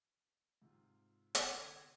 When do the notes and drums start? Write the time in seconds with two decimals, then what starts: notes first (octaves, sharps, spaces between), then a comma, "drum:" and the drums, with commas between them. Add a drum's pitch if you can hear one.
0.62 G#2 C3 F4
1.35 D3 G#6, drum: hi-hat